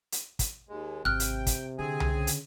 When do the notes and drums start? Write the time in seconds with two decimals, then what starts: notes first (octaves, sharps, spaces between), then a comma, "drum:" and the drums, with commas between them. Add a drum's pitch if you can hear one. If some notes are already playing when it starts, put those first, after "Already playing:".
0.12 drum: hi-hat
0.39 drum: kick, hi-hat
0.69 D#2 G#3
1.05 G#1 C3 G5 F6 F#6
1.20 drum: hi-hat
1.47 drum: kick, hi-hat
1.79 D3 C4 G#4 G#5
2.00 drum: tom C2
2.14 C#3
2.27 drum: hi-hat